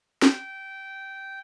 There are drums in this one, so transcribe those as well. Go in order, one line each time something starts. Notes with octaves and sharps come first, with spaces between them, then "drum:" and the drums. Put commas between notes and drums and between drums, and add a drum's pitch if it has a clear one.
G5, drum: snare